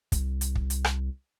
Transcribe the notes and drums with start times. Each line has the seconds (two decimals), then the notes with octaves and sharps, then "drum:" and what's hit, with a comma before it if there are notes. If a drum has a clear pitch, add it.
0.12 C2, drum: kick, hi-hat
0.41 drum: hi-hat
0.55 drum: kick
0.70 drum: hi-hat
0.84 drum: rim click